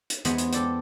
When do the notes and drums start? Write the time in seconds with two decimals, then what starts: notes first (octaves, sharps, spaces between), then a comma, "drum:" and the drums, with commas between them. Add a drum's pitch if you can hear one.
0.10 drum: hi-hat
0.25 E2 G#3 B3 C5 G#5 B5, drum: hi-hat
0.38 drum: hi-hat
0.53 A4 D5 G5, drum: hi-hat